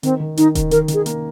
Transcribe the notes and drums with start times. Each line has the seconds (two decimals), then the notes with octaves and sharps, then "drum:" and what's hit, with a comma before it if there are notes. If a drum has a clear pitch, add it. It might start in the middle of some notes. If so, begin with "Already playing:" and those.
0.03 D#3 C4, drum: hi-hat
0.20 D#3
0.37 D#3 D#4, drum: hi-hat
0.55 D#3, drum: kick D#1, hi-hat
0.71 D#3 A#4, drum: hi-hat
0.88 D#3, drum: hi-hat
0.94 G#4
1.06 A#3, drum: hi-hat